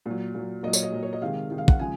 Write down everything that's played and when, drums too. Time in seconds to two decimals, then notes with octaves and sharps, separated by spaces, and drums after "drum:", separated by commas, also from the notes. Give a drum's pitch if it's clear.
0.06 A#2 F#3
0.35 A#2 F#3
0.63 A#2 F#3 D#5
0.73 C#5, drum: tambourine
0.83 D#5
0.92 A#2 F#3
1.03 C#5
1.13 D#5
1.22 C3 D#3 G#3 F5
1.50 C3 D#3 G#3
1.58 F5
1.68 F#5, drum: kick
1.79 C#3 F3 G#3 G#5